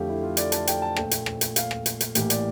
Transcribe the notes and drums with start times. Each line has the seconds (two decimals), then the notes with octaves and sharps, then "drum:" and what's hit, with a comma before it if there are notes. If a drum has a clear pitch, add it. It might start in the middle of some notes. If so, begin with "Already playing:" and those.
Already playing: F2 D3 A3 G4 F5
0.08 E4
0.23 F4
0.37 D5, drum: hi-hat
0.52 A5, drum: hi-hat
0.67 G5, drum: hi-hat
0.82 A5
0.96 A#1 A#2 A3 G5, drum: rim click
1.11 drum: hi-hat
1.26 drum: rim click
1.41 drum: hi-hat
1.56 F5, drum: hi-hat
1.71 drum: rim click
1.86 drum: hi-hat
2.01 drum: hi-hat
2.15 A1 A2 E3 A#3 G4, drum: hi-hat
2.30 D5, drum: hi-hat